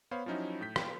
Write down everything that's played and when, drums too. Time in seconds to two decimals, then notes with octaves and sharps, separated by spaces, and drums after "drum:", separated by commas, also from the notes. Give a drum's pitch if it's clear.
0.11 B3 C5 C#5 F5 B5
0.26 F3 F#3 C#4 D#4 E4 F#4
0.61 A2 G6 B6
0.76 G5, drum: rim click